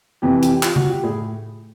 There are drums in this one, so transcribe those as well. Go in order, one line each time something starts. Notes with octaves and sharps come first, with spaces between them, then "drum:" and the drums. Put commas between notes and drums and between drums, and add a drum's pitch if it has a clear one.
F2 C3 E3 G4
G4, drum: hi-hat
G4
F4, drum: clap
F#4, drum: tom C#3
G4
A2 G#4